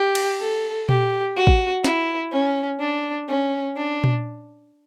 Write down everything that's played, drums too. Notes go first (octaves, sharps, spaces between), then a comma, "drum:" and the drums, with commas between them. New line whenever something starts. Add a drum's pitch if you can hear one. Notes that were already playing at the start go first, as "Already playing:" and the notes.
Already playing: G4
drum: cymbal
A4
G4, drum: tom A#2
F#4
drum: kick
E4, drum: snare
C#4
D4
C#4
D4
drum: tom A#2